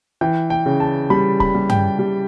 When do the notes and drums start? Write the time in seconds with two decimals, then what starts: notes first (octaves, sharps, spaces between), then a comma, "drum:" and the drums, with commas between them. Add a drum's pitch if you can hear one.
0.21 E3 G5
0.50 G5
0.66 C#3
0.80 A5
1.10 G3 B5
1.40 B5, drum: kick
1.55 G3
1.70 G5, drum: tom G2
1.99 G3